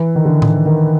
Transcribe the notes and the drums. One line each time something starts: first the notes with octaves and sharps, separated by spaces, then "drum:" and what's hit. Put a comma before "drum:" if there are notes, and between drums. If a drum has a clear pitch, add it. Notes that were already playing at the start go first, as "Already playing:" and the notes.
Already playing: E3
D#3
D3
drum: tom A2
D#3